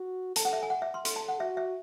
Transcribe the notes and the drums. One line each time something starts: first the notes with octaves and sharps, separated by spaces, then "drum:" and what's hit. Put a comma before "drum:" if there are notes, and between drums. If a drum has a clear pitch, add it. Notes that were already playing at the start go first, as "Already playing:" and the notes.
Already playing: F#4
A4 A5, drum: hi-hat
F#5
E5
G#5
F#5
E5
C6
A4 C6, drum: hi-hat
A5
F#5
F#4 E5
E5